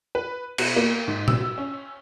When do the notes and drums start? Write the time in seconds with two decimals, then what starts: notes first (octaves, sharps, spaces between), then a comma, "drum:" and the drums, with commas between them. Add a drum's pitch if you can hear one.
0.15 B4
0.58 B2, drum: cymbal
0.76 A#3
1.08 G#2
1.28 E6, drum: tom
1.58 C#4